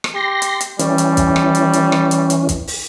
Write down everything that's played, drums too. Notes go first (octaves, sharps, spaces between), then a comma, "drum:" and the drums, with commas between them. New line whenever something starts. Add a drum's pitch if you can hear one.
drum: rim click
G4 C6 A#6
drum: hi-hat
drum: hi-hat
E3 G3 C#4, drum: hi-hat
drum: hi-hat
drum: kick, hi-hat
drum: rim click
drum: hi-hat
drum: hi-hat
drum: rim click
drum: hi-hat
drum: hi-hat
drum: kick, hi-hat
drum: open hi-hat